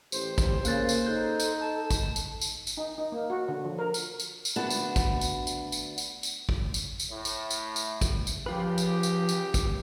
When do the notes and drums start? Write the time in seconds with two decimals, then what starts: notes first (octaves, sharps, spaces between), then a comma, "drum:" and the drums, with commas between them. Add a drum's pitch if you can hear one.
0.12 A1 G4 C5, drum: tambourine
0.38 drum: kick G#1, tambourine
0.65 C#3 A#3 A#4 F#6 A6, drum: tambourine
0.89 drum: tambourine
1.06 D#4 A4 F#6 G6
1.40 drum: tambourine
1.60 A5
1.91 drum: kick G#1, tambourine
2.16 drum: tambourine
2.41 drum: tambourine
2.67 drum: tambourine
2.77 D#4
2.98 D#4
3.12 A#3
3.30 F#4
3.48 D3
3.65 F3
3.78 A#4
3.94 drum: tambourine
4.20 drum: tambourine
4.45 drum: tambourine
4.56 D2 B3 D4 F#4 F#5 A5
4.71 drum: tambourine
4.96 drum: kick G#1, tambourine
5.21 drum: tambourine
5.47 drum: tambourine
5.72 drum: tambourine
5.98 drum: tambourine
6.23 drum: tambourine
6.49 drum: kick G#1
6.74 drum: tambourine
7.00 drum: tambourine
7.11 A2
7.25 drum: tambourine
7.51 drum: tambourine
7.76 drum: tambourine
8.01 drum: kick G#1, tambourine
8.27 drum: tambourine
8.46 C#2 F3 F4 G4 B4
8.78 drum: tambourine
9.03 drum: tambourine
9.29 drum: tambourine
9.54 drum: kick G#1, tambourine